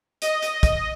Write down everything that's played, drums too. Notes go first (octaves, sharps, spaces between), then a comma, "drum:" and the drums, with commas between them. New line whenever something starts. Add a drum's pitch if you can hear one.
D#5, drum: hi-hat
drum: hi-hat
drum: kick, hi-hat